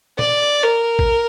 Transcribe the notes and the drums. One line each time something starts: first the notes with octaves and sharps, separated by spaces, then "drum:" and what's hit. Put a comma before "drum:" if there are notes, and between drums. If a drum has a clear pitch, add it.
D5, drum: tom A#2
A#4
drum: kick